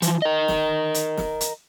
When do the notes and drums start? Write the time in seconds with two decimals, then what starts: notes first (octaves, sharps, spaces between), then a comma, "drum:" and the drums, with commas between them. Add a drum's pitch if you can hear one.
0.02 E3 F3, drum: hi-hat
0.22 A#4 D#5
0.48 drum: snare
0.94 drum: hi-hat
1.17 drum: snare
1.41 drum: hi-hat